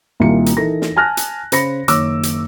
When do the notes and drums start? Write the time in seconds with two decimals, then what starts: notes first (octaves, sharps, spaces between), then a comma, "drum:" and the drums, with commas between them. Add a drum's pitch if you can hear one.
0.20 C2 A#2 D#3 G3 A#3 C#7
0.46 drum: hi-hat
0.57 E3 D#4 A4 A#4 A#6
0.82 drum: snare
0.96 G#5 A5 F6 F#6 A#6
1.17 drum: hi-hat
1.52 C#3 C5 B5 A#6 C#7, drum: hi-hat
1.88 F#1 D#3 C#5 D6 E6, drum: hi-hat
2.23 drum: hi-hat